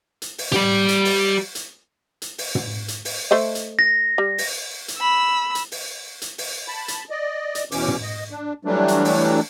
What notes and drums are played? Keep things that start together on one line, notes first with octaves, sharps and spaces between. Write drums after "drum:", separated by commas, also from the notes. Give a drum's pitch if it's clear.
drum: hi-hat
drum: open hi-hat
G4 D5, drum: tom
drum: hi-hat
drum: open hi-hat
drum: hi-hat
drum: hi-hat
drum: open hi-hat
drum: tom
drum: hi-hat
drum: open hi-hat
A3 C5 D#5
drum: hi-hat
A#6
G3
drum: open hi-hat
drum: hi-hat
B5 E6
drum: hi-hat
drum: open hi-hat
drum: hi-hat
drum: open hi-hat
A5 B5
drum: hi-hat
D5 D#5
drum: hi-hat
E2 B2 E3 C#4 D6, drum: open hi-hat
drum: tom
D#5
D4
E3 F#3 G3 A3 D4
drum: hi-hat
drum: open hi-hat